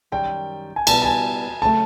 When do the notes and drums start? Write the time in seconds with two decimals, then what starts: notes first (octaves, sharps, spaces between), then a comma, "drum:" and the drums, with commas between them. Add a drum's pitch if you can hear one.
0.12 F#2 D#3 G3 G5
0.76 G#5
0.87 B2 G3 B3 E4 A5, drum: cymbal
1.02 A5
1.05 G#5
1.62 C#3 F#3 A3 C#4 A5